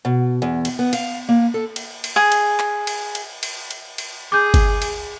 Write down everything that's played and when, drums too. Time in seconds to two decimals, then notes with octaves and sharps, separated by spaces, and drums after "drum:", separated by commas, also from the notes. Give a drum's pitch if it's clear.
0.05 B2
0.42 E2
0.65 drum: cymbal
0.79 B3
0.93 F5, drum: cymbal
1.29 A#3
1.54 A4
1.76 drum: cymbal
2.04 drum: cymbal
2.16 G#4
2.32 drum: cymbal
2.59 drum: clap
2.87 drum: cymbal
3.15 drum: cymbal
3.43 drum: cymbal
3.71 drum: cymbal
3.98 drum: cymbal
4.32 G#4 D6 G6
4.54 drum: kick G1, cymbal
4.82 drum: cymbal